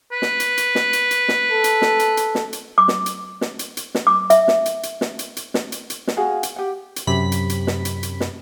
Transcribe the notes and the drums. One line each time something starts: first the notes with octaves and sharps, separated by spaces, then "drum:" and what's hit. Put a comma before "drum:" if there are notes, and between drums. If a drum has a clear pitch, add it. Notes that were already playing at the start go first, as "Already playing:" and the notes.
B4
drum: snare
drum: hi-hat
drum: hi-hat
drum: snare
drum: hi-hat
drum: hi-hat
drum: snare
A4
drum: hi-hat
drum: snare
drum: hi-hat
drum: hi-hat
drum: snare
drum: hi-hat
D6
drum: snare
drum: hi-hat
drum: snare
drum: hi-hat
drum: hi-hat
drum: snare
D6
E5, drum: hi-hat
drum: snare
drum: hi-hat
drum: hi-hat
drum: snare
drum: hi-hat
drum: hi-hat
drum: snare
drum: hi-hat
drum: hi-hat
drum: snare
F#4 G#4 F5
drum: hi-hat
G4 F#5
drum: hi-hat
F#2 C3 B5 B6
drum: hi-hat
drum: hi-hat
drum: snare
drum: hi-hat
drum: hi-hat
drum: snare